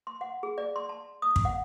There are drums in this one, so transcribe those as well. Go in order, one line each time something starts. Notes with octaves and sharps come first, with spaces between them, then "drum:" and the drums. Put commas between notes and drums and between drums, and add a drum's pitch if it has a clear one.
C6
F#5
G#4
D5
C6
A5
D#6
drum: kick
F#5